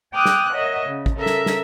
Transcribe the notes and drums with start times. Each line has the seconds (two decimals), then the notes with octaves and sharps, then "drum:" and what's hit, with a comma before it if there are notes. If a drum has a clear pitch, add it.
0.14 G5 G#5 D6 D#6 F6 F#6
0.25 drum: snare
0.54 A#4 C#5 D#5 E5 F#5
0.86 C#3
1.06 drum: kick A1
1.16 C#3 A4 A#4 E5
1.26 drum: snare
1.46 drum: snare